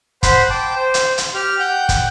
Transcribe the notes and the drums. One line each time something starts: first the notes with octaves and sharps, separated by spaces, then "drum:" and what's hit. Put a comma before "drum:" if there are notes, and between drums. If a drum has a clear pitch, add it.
C5 F#5 B5 C6, drum: kick, hi-hat
G5 A5 D6
C5
drum: hi-hat
drum: hi-hat
G4 F6
F#5 G5 G6
drum: kick, hi-hat